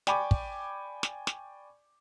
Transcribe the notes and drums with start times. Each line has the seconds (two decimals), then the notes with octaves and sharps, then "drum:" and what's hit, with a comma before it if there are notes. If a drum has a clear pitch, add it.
0.07 D5 G5 G#5 B5 C#6 D6, drum: snare
0.31 drum: kick
1.03 drum: snare
1.27 drum: snare